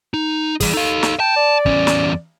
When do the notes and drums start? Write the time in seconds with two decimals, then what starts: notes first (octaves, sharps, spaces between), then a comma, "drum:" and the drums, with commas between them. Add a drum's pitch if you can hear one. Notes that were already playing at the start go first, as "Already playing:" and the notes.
0.14 D#4
0.61 E3 G3 G#4, drum: kick, open hi-hat
0.74 D#4 A4 F5
1.03 drum: snare
1.20 G5 A5
1.36 D5
1.66 E2 C#4, drum: kick
1.87 drum: snare